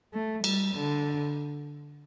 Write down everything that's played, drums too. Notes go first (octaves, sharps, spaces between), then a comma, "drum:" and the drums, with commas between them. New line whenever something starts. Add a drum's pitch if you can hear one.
A3
G3, drum: cymbal
D3